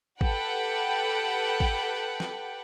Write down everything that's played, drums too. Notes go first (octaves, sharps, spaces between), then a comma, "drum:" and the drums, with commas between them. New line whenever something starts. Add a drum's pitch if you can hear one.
G4 A4 B4 F#5 G5, drum: kick
drum: kick
drum: snare